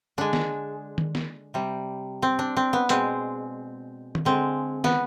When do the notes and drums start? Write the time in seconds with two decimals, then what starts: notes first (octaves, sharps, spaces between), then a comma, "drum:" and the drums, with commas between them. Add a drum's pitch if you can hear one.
0.18 D3 G#3 D4
0.33 drum: snare
0.98 drum: tom D#3
1.15 drum: snare
1.54 C3 G3
2.22 C4
2.39 D4
2.56 C4
2.73 B3
2.89 B2 G#3 C4, drum: hi-hat
4.15 drum: tom
4.25 D3 G#3 C4
4.84 B3, drum: snare